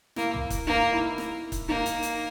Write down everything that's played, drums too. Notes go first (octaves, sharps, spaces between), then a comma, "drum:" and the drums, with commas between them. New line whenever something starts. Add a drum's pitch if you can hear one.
A#3 E4, drum: snare
drum: tom
drum: kick C#1, hi-hat
A#3 D#4
E4
drum: snare
drum: kick C#1, hi-hat
A#3 D#4
drum: hi-hat
drum: hi-hat